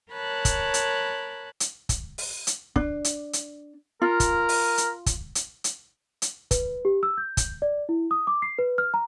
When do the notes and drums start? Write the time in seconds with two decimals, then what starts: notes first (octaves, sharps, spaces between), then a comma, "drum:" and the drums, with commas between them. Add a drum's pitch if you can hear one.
0.11 A#4 C#5 A5 B5 F#6
0.45 drum: kick, hi-hat
0.74 drum: hi-hat
1.60 drum: hi-hat
1.89 drum: kick, hi-hat
2.18 drum: open hi-hat
2.47 drum: hi-hat
2.76 D4, drum: kick
3.04 drum: hi-hat
3.33 drum: hi-hat
4.02 F4 A#4
4.20 drum: kick, hi-hat
4.49 drum: open hi-hat
4.78 drum: hi-hat
5.06 drum: kick, hi-hat
5.35 drum: hi-hat
5.64 drum: hi-hat
6.22 drum: hi-hat
6.51 B4, drum: kick, hi-hat
6.85 G4
7.03 E6
7.18 G6
7.37 drum: kick, hi-hat
7.62 D5
7.89 E4
8.11 D#6
8.27 D6
8.42 C7
8.59 B4
8.78 F6
8.94 A#5